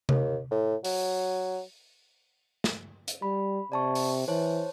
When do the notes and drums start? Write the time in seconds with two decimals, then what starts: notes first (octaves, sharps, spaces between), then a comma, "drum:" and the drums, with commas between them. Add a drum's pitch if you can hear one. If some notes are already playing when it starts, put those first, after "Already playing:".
0.09 D#2, drum: tom C3
0.51 A2
0.84 F#3, drum: open hi-hat
2.64 drum: snare
3.08 drum: hi-hat
3.22 G3 B5
3.72 C3 D5 A5 C#6
3.95 drum: open hi-hat
4.28 E3 C5 C#5 A5